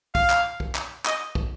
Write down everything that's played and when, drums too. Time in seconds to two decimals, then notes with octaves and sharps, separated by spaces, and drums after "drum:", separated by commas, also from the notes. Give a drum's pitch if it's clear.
0.15 F5, drum: kick
0.30 drum: clap
0.60 drum: kick
0.75 drum: clap
1.06 D#5, drum: clap
1.35 drum: kick